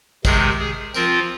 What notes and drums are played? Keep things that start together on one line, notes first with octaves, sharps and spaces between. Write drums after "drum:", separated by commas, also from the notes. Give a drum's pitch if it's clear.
C3 D#3 G#3 G#4, drum: kick, tambourine
G#4
F3 C4 F4 A#4, drum: tambourine